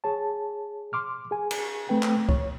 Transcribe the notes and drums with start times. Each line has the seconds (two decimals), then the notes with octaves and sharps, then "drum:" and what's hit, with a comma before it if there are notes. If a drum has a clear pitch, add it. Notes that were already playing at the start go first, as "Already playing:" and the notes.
0.04 G#4 C#5 A5
0.93 C6 D6 F6
1.31 G#4 G#5
1.51 drum: cymbal
1.89 A3 C4 B4 G5
2.03 drum: clap
2.29 C#5, drum: kick C#2